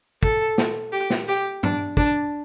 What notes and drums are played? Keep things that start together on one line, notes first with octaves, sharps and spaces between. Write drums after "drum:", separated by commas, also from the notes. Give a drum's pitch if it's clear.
A4, drum: kick
drum: snare
G4
drum: snare
G4
D4, drum: tom
D4, drum: kick